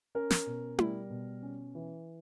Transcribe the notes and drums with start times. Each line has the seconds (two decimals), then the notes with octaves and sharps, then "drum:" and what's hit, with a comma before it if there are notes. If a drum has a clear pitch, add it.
0.15 C#4 A#4
0.30 drum: snare
0.46 B2
0.79 G3, drum: tom E4
1.10 B2
1.43 C#4
1.75 E3